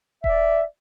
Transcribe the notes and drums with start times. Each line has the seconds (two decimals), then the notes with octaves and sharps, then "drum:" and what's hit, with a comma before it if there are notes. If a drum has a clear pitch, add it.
0.24 D5 E5, drum: kick D#1